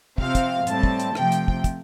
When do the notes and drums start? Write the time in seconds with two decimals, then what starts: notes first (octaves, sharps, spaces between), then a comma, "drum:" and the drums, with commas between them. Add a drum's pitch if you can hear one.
0.18 C3 F3 C4 F5, drum: kick
0.35 drum: kick, hi-hat
0.67 A2 G3 C4 A5, drum: hi-hat
0.83 drum: kick
1.00 drum: hi-hat
1.15 C3 F3 A3 G5, drum: rim click
1.32 drum: hi-hat
1.48 drum: kick
1.64 drum: kick, hi-hat